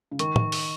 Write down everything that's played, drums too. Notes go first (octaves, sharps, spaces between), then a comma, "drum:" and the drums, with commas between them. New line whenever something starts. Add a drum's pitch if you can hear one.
C#3
D#3 C#6, drum: hi-hat
drum: tom
drum: open hi-hat